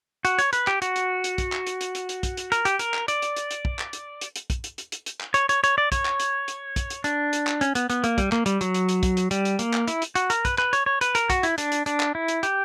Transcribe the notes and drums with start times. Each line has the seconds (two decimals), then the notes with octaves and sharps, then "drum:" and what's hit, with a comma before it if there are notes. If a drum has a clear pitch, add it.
0.25 F#4, drum: hi-hat
0.39 C#5, drum: hi-hat
0.53 B4, drum: hi-hat
0.67 G4, drum: clap
0.82 F#4, drum: hi-hat
0.96 drum: hi-hat
1.24 drum: hi-hat
1.38 drum: kick, hi-hat
1.52 drum: clap
1.67 drum: hi-hat
1.81 drum: hi-hat
1.95 drum: hi-hat
2.09 drum: hi-hat
2.23 drum: kick, hi-hat
2.37 drum: hi-hat
2.52 A#4, drum: hi-hat
2.65 G4, drum: hi-hat
2.79 A#4, drum: hi-hat
2.94 drum: clap
3.08 D5, drum: hi-hat
3.22 drum: hi-hat
3.36 drum: hi-hat
3.51 drum: hi-hat
3.65 drum: kick
3.79 drum: clap
3.93 drum: hi-hat
4.21 drum: hi-hat
4.36 drum: hi-hat
4.50 drum: kick, hi-hat
4.64 drum: hi-hat
4.78 drum: hi-hat
4.92 drum: hi-hat
5.06 drum: hi-hat
5.21 drum: clap
5.34 C#5, drum: hi-hat
5.49 C#5, drum: hi-hat
5.64 C#5, drum: hi-hat
5.78 D5
5.92 C#5, drum: kick, hi-hat
6.05 drum: clap
6.20 drum: hi-hat
6.48 drum: hi-hat
6.76 drum: kick, hi-hat
6.90 drum: hi-hat
7.04 D4, drum: hi-hat
7.33 drum: hi-hat
7.47 drum: clap
7.61 C#4, drum: hi-hat
7.75 B3, drum: hi-hat
7.90 B3, drum: hi-hat
8.04 A#3, drum: hi-hat
8.18 G3, drum: kick, hi-hat
8.32 A#3, drum: clap
8.46 G3, drum: hi-hat
8.61 F#3, drum: hi-hat
8.74 drum: hi-hat
8.89 drum: hi-hat
9.03 drum: kick, hi-hat
9.17 drum: hi-hat
9.31 G3, drum: hi-hat
9.45 drum: hi-hat
9.59 A#3, drum: hi-hat
9.74 drum: clap
9.88 E4, drum: hi-hat
10.02 drum: hi-hat
10.15 F#4, drum: hi-hat
10.30 A#4, drum: hi-hat
10.45 B4, drum: kick, hi-hat
10.58 B4, drum: clap
10.73 C#5, drum: hi-hat
10.86 C#5
11.01 B4, drum: hi-hat
11.15 A#4, drum: hi-hat
11.30 F#4, drum: kick, hi-hat
11.43 E4, drum: hi-hat
11.58 D4, drum: hi-hat
11.72 drum: hi-hat
11.86 D4, drum: hi-hat
12.00 drum: clap
12.15 E4
12.28 drum: hi-hat
12.43 G4, drum: hi-hat